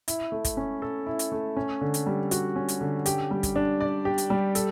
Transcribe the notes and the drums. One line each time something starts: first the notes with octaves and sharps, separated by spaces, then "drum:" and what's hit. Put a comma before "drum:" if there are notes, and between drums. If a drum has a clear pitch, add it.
E4, drum: hi-hat
A3
drum: kick, hi-hat
C#4
A4
E4
drum: hi-hat
A3
C#4
D3
drum: hi-hat
G3
F#4, drum: hi-hat
C#4
drum: hi-hat
D3
G4, drum: hi-hat
G3
drum: kick, hi-hat
D4
D5
G4
drum: hi-hat
G3
A4, drum: hi-hat